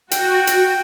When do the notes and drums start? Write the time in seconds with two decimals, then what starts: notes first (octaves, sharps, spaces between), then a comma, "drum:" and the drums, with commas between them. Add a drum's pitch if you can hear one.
0.11 F#4 G5, drum: hi-hat
0.47 drum: hi-hat